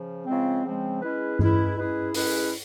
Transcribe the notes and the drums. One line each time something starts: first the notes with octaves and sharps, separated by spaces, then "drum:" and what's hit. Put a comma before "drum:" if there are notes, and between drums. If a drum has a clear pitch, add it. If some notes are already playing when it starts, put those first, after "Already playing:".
Already playing: C#3 F3
C#3 F3 G#3 C4
C#3 F3 G#3 C4
G#3 C#4 E4 G#4 B4
G#3 C#4 E4 G#4 B4, drum: tom G2
G#3 C#4 E4 G#4 B4
G#3 C#4 E4 G#4 B4, drum: open hi-hat